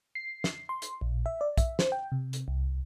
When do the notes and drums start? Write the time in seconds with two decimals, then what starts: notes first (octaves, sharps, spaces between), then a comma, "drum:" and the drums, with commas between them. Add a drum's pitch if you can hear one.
0.15 C7
0.44 drum: snare
0.69 C6
0.82 drum: hi-hat
1.01 A#1
1.26 E5
1.41 D5
1.58 E5, drum: kick, hi-hat
1.79 C5, drum: snare
1.92 G5
2.12 C3
2.33 drum: hi-hat
2.48 C2